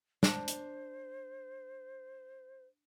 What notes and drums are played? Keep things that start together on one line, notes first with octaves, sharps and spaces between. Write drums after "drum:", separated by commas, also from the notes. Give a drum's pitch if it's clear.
D4 C5, drum: snare
drum: hi-hat